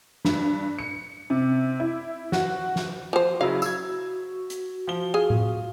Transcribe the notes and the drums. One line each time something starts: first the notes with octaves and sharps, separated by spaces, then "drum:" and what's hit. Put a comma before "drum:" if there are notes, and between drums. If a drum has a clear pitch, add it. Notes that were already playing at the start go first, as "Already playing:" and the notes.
G2, drum: snare
C#7
C3
E4
F#4, drum: snare
drum: snare
F3 F#4 C5
C#3 F#3 E4 F5
E6 G#6, drum: tambourine
drum: hi-hat
F3 G7
F4 G#4
drum: tom A2